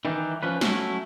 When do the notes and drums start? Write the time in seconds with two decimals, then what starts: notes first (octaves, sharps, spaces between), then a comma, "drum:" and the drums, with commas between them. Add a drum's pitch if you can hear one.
0.05 D#3 E3 G3
0.43 F3 C#4 B4
0.61 F#3 A3 C#4 E4, drum: snare